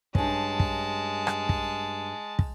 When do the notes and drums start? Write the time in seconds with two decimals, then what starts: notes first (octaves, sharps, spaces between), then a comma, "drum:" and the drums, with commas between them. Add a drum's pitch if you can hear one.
0.15 G2 G#3 C#4 A5, drum: kick
0.60 drum: kick
1.27 drum: rim click
1.49 drum: kick
2.39 drum: kick